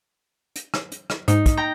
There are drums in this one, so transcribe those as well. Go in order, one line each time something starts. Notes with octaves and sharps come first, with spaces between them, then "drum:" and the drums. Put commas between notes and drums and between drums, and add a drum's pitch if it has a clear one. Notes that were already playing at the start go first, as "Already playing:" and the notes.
drum: hi-hat
drum: rim click
drum: hi-hat
drum: rim click
G#2 D#4, drum: hi-hat
drum: kick, hi-hat
G5 A#5